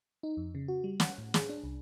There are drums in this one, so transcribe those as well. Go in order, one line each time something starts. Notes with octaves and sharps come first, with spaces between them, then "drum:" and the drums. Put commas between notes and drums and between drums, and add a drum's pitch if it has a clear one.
D#4
F2
C#3
F#4
G3
F#5, drum: snare
A2
G#4, drum: snare
D4
C2